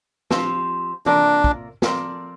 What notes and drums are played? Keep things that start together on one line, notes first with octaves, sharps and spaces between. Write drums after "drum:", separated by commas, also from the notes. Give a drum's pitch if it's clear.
F3 C4 G4, drum: snare
C3 A#3 D4 F4 A#4 D5, drum: tom
drum: kick
F3 C4 A#4 D5, drum: snare